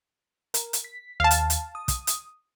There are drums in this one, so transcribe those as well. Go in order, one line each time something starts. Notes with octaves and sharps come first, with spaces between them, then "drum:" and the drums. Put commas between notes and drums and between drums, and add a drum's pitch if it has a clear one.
A#4, drum: hi-hat
drum: hi-hat
B6
D#2 F5 A5
drum: hi-hat
drum: hi-hat
D#6
drum: kick, hi-hat
drum: hi-hat